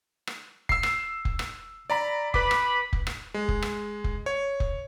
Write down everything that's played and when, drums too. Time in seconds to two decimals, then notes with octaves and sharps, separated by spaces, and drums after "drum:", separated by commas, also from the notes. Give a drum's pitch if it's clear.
0.27 drum: rim click
0.69 E6 C7, drum: kick F1
0.83 drum: rim click
1.25 drum: kick F1
1.39 drum: rim click
1.90 D5 A#5 B5
2.34 B4 B5 D6, drum: kick F1
2.51 drum: rim click
2.93 drum: kick F1
3.07 drum: rim click
3.34 G#3
3.48 drum: kick F1
3.62 drum: rim click
4.04 drum: kick F1
4.26 C#5
4.60 drum: kick F1